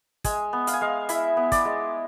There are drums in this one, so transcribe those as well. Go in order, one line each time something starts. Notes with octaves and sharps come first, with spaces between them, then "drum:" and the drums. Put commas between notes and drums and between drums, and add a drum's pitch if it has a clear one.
G#3 G#5, drum: kick, hi-hat
B3
F5, drum: hi-hat
G#5
G#3 F5
E4 E5, drum: hi-hat
B3
D5, drum: kick, hi-hat
G#3